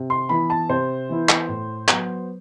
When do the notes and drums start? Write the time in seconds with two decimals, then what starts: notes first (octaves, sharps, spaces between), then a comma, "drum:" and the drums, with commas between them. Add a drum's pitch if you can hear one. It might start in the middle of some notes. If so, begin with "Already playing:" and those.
Already playing: C3
0.10 C6
0.29 E3 B3 E4 B5
0.50 A5
0.69 C3 C5
1.09 E3 B3 E4
1.29 drum: clap
1.48 A2
1.88 F#3 B3, drum: clap